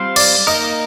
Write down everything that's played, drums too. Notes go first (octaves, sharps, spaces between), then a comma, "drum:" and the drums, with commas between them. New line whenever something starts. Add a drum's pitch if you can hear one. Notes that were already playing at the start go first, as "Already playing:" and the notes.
Already playing: G3 C4 F4 C5 F5
D5, drum: cymbal
A#3 D#4 A#4 D#5